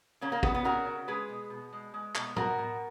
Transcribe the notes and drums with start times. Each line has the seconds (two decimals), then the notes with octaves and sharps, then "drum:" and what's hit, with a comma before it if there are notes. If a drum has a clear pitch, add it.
0.21 C#3 A#3 C#4
0.32 A#3
0.43 C#3 B3, drum: kick
0.54 B3
0.64 C#3 F#4 A#4
0.86 C#3
1.08 G#3 G#4 B4
1.29 B2
1.50 B2
1.73 G#3
1.94 G#3
2.15 B2, drum: clap
2.36 B2 F#4 A#4, drum: tom
2.58 B2